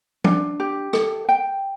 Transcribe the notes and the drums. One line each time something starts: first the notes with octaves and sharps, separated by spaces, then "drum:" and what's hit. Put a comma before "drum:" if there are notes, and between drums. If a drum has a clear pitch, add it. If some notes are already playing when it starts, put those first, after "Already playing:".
D4, drum: tom
G4
A4, drum: rim click
G5